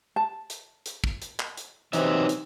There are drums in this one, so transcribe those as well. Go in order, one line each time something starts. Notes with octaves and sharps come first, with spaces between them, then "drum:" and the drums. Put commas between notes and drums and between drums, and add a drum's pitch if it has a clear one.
A5
drum: hi-hat
drum: hi-hat
drum: kick
drum: hi-hat
drum: clap
drum: hi-hat
C3 E3 F#3 D#4 E5, drum: hi-hat
drum: hi-hat